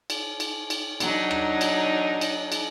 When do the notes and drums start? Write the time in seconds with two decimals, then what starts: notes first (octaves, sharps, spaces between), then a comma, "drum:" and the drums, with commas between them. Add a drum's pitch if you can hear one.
0.10 drum: cymbal
0.40 drum: cymbal
0.70 drum: cymbal
1.00 F#3 D4 D#4, drum: cymbal
1.31 drum: rim click
1.61 drum: cymbal
2.21 drum: cymbal
2.52 drum: cymbal